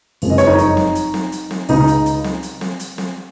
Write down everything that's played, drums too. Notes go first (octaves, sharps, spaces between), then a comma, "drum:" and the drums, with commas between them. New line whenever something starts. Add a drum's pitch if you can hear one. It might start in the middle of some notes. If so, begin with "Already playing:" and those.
F#1 F2 F3 G#3, drum: open hi-hat
D#5
C#5, drum: hi-hat
D#4 D#5
drum: hi-hat
drum: snare C4
drum: hi-hat
drum: snare C4
drum: hi-hat
drum: snare C4
C#2 C#3 G#3 D#4 D#5, drum: open hi-hat
drum: hi-hat
drum: hi-hat
drum: snare C4
drum: hi-hat
drum: snare C4
drum: hi-hat
drum: snare C4